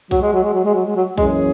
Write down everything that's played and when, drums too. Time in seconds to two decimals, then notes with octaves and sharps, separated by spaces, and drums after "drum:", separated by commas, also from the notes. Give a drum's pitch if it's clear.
0.11 F#3, drum: kick B1
0.22 G#3
0.33 F#3
0.44 G#3
0.54 F#3
0.65 G#3
0.74 F#3
0.85 G#3
0.96 F#3
1.18 F#2 E3 G#3 A#3 C#4 G#4, drum: kick B1